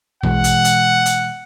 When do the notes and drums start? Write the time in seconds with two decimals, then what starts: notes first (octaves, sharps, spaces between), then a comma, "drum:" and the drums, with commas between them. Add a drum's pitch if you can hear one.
0.23 B2 E3 G#3 F#5, drum: tom A#1
0.44 drum: hi-hat
0.64 drum: hi-hat
1.06 drum: hi-hat